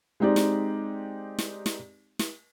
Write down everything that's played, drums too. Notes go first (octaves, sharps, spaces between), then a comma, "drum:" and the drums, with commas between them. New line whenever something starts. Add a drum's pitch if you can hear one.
G#3 C4 D#4 G4 D5
drum: snare
drum: snare
drum: snare
drum: snare